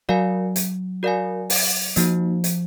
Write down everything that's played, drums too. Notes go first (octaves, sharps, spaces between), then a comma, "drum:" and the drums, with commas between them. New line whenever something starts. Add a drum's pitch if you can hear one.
F#3 F#4 A#4 D5 F5 G#5
drum: hi-hat
F#4 A#4 D5 F5 G#5
drum: open hi-hat
F3 A#3 D#4 F#4, drum: hi-hat
drum: hi-hat